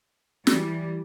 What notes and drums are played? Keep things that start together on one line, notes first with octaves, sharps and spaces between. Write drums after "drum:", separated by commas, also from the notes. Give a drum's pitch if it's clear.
E3 G3, drum: snare